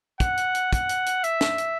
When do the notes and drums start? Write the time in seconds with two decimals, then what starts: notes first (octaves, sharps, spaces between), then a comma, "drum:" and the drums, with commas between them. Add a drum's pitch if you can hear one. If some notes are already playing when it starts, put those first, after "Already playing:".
0.20 F#5, drum: kick, hi-hat
0.37 drum: hi-hat
0.55 drum: hi-hat
0.73 F#5, drum: kick, hi-hat
0.89 drum: hi-hat
1.06 drum: hi-hat
1.24 E5, drum: hi-hat
1.41 drum: snare
1.58 drum: hi-hat